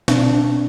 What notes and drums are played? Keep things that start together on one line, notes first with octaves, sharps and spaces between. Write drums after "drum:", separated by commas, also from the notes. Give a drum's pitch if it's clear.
B2 C4 D4, drum: snare